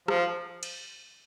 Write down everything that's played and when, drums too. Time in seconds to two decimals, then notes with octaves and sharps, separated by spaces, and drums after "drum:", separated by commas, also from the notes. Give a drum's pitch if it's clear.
0.08 F3, drum: rim click
0.63 drum: cymbal